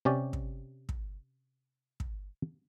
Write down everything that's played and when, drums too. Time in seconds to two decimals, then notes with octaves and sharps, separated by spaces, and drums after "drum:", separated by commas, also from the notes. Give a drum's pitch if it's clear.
0.05 C3 C#4 G4 D5
0.33 drum: kick
0.89 drum: kick
2.00 drum: kick